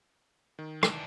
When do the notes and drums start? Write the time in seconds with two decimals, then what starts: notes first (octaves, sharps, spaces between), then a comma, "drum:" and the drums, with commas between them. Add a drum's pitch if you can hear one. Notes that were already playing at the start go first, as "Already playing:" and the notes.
0.59 D#3
0.83 E3 D4, drum: rim click